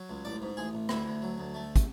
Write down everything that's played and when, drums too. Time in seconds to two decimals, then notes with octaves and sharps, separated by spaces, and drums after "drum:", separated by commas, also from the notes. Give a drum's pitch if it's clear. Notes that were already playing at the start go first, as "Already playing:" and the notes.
Already playing: F#3
0.09 C#2
0.25 A1 D5
0.42 G#2
0.57 A1 G#4
0.73 A1
0.89 D2 E4, drum: rim click
1.06 D2
1.22 F#3
1.38 D2
1.54 A3
1.76 drum: kick, hi-hat